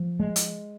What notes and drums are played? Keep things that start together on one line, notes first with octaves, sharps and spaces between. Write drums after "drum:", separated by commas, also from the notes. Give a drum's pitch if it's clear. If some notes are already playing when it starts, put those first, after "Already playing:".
Already playing: F3
G#3
drum: hi-hat